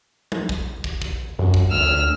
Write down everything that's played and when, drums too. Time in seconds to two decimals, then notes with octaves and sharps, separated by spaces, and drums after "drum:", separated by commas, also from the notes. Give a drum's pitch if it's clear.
0.32 drum: tom
0.49 drum: kick
0.84 drum: kick
1.02 drum: kick
1.39 F#2
1.54 drum: kick
1.71 D2 E6 F6